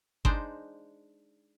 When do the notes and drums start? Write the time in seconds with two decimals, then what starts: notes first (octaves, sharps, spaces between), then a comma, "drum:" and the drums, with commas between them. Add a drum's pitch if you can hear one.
0.25 G#3 D4 D#4 C5, drum: kick G1